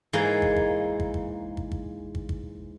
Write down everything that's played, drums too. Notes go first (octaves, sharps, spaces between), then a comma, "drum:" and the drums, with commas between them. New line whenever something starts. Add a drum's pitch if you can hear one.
G#2 E3 G#3 A#3
drum: kick
drum: kick
drum: kick
drum: kick
drum: kick
drum: kick
drum: kick
drum: kick